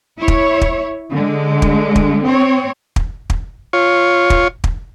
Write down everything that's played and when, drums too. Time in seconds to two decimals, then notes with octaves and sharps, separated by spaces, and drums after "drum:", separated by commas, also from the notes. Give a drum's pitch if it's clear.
0.19 E4 C#5
0.28 drum: kick
0.61 drum: kick
1.12 D3 G#3
1.62 drum: kick
1.96 drum: kick
2.24 C4 C#5
2.96 drum: kick
3.30 drum: kick
3.73 F4 C#5
4.30 drum: kick
4.64 drum: kick